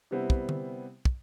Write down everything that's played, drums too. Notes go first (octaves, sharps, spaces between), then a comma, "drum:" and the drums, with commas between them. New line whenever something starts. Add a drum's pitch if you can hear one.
C3 G3 B3 C4 E4
drum: kick
drum: tom D3
drum: kick